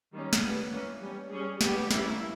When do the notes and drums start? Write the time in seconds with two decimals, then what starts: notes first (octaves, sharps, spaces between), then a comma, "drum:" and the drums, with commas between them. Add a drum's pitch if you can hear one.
0.13 D#3 G3 A#3 C#4
0.33 drum: snare
0.42 G3 B3 B4
0.72 E3 A#3 C#4
1.02 G3 C#4
1.32 G3 C#4 G#4
1.61 G3 B3 G4, drum: snare
1.91 G3 A#3 C#4 E4, drum: snare